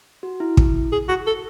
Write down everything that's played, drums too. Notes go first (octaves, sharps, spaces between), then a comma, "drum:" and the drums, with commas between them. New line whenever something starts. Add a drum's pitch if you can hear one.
F#4
E4
drum: kick
G#4
F#4
A4